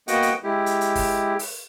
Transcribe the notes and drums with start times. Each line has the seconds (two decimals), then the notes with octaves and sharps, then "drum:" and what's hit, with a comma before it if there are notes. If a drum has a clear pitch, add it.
0.08 A#3 B3 F#4 D#5 F#5 G5, drum: hi-hat
0.22 drum: hi-hat
0.43 G#3 E4 G4
0.66 drum: hi-hat
0.81 drum: hi-hat
0.95 drum: kick F#1, open hi-hat
1.39 drum: open hi-hat